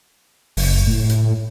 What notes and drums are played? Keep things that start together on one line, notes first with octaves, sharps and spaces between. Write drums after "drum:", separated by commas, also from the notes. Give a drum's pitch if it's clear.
F#1, drum: open hi-hat
A2
drum: hi-hat